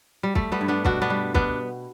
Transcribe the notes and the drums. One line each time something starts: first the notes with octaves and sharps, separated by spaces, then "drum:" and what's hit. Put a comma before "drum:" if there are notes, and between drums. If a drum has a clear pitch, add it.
G3
G3 A3, drum: kick
G3 B3
G2
B3 D4
B2 D4 F#4, drum: kick
B3 D4
G3
B2 B3 D4, drum: kick